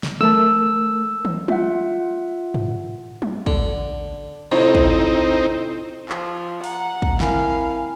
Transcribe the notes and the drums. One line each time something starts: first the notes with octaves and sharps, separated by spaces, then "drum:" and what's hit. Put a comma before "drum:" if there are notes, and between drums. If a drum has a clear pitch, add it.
drum: snare
A3 A#4 A5 E6, drum: tom D#3
drum: tom D#3
F4 E5 F#5, drum: tom
drum: tom G2
drum: tom
D3, drum: kick
F2 A2 C3 C4 D#4
drum: kick
F3, drum: clap
F#5 A#5, drum: open hi-hat
drum: kick
C4 E4 A#4 F5 G#5, drum: snare